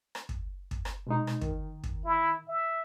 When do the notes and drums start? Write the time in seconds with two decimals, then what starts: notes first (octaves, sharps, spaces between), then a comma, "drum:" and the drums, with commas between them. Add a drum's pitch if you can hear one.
0.15 drum: rim click
0.29 drum: kick
0.71 drum: kick
0.85 drum: rim click
1.07 B2 G#3 D#4
1.27 drum: rim click
1.41 D#3, drum: kick
1.84 drum: kick
2.05 E4
2.48 E5